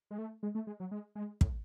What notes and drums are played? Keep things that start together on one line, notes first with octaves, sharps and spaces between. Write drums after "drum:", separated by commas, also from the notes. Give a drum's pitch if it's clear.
G#3
A3
G#3
A3
G#3
F#3
G#3
G#3
A2, drum: kick